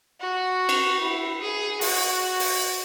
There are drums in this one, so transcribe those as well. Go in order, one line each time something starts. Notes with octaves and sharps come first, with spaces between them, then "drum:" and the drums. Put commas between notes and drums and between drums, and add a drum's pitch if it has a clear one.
F#4
drum: cymbal
E4
G#4
F#4, drum: open hi-hat
drum: open hi-hat